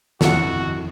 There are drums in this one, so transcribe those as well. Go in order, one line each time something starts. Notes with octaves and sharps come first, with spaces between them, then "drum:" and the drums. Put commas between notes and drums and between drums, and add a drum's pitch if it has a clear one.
F2 E4 F#4 A4 F#5, drum: snare